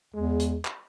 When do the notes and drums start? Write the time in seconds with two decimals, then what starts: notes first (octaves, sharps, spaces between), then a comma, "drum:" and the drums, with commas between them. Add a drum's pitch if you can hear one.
0.14 E2 G#3
0.40 drum: hi-hat
0.65 drum: clap